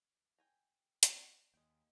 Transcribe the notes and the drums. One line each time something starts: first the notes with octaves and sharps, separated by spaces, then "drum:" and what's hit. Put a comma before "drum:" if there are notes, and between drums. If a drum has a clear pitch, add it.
G5 G#5 A#5
drum: hi-hat
D#2 G#3 G5